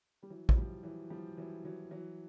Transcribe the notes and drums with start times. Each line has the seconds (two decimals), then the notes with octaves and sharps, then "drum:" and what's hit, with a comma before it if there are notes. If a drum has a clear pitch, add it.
0.23 G3
0.30 E3 F#3
0.49 F#3, drum: kick
0.57 F3 G3
0.83 E3 F#3
1.10 F3 G3
1.37 E3 F#3
1.64 E3 F#3
1.91 E3 F#3